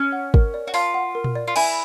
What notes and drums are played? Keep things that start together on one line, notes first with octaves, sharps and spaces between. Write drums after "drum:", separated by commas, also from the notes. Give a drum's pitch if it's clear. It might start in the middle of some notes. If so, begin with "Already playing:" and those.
Already playing: C#4
F#5
A#4, drum: kick
D5
F#4
F4 A5, drum: open hi-hat
F#5
A#4
drum: tom A#2
D5
F4
E4 G#5, drum: cymbal